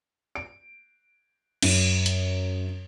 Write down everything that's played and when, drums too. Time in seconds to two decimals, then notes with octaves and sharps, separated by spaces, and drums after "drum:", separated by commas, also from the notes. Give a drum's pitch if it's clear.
0.35 D7
1.62 F#2, drum: cymbal
2.06 drum: hi-hat